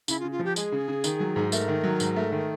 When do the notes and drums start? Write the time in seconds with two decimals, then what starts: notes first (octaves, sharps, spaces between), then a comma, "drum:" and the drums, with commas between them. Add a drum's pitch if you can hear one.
0.08 C#3 E4, drum: tambourine
0.20 F4
0.24 C#3
0.31 F4
0.39 F3 G4
0.56 G#3 G#4, drum: tambourine
0.72 C#3
0.88 C#3
1.04 D#3, drum: tambourine
1.20 F#3
1.36 G#2
1.52 A3 A#4, drum: tambourine
1.68 D#3
1.84 F#3
2.00 G#2, drum: tambourine
2.16 A3
2.32 D#3